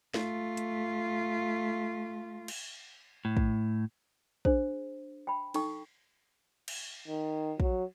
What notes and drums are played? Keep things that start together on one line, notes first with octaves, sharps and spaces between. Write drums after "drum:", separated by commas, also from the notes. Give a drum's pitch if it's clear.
A3 F4, drum: snare
drum: hi-hat
drum: cymbal
A2
drum: kick
D4 G#4 C5, drum: kick
G5 B5
D#4 A4 G5 C#6, drum: cymbal
drum: cymbal
D#3
F#3, drum: kick